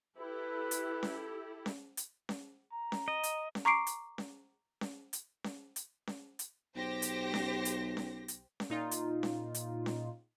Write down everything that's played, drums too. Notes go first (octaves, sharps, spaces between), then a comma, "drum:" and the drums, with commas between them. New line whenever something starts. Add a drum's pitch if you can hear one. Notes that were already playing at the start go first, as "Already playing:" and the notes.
E4 G4 A4 B4
drum: hi-hat
drum: snare C#4
drum: snare C#4
drum: hi-hat
drum: snare C#4
A#5
drum: snare C#4
D#5
drum: hi-hat
drum: snare C#4
A#5 C#6 D6 C7 D7
drum: hi-hat
drum: snare C#4
drum: snare C#4
drum: hi-hat
drum: snare C#4
drum: hi-hat
drum: snare C#4
drum: hi-hat
B1 G4 C5 A#6
drum: hi-hat
drum: snare C#4
drum: hi-hat
drum: snare C#4
drum: hi-hat
drum: snare C#4
A#2 D#4 F4
drum: hi-hat
drum: snare C#4
drum: hi-hat
drum: snare C#4